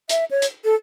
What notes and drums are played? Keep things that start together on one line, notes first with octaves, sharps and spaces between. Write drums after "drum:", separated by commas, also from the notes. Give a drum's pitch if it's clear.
E5, drum: hi-hat
C#5
drum: hi-hat
A4